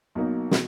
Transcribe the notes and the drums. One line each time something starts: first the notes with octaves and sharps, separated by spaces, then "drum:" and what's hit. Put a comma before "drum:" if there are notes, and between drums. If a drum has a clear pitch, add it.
B1 B2 A#3 D#4
B2, drum: snare